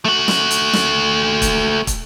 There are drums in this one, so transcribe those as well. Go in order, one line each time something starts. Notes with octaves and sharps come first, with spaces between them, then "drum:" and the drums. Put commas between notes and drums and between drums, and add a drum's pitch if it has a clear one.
A3 F#4
drum: snare
drum: hi-hat
drum: snare
drum: kick, hi-hat
drum: kick, hi-hat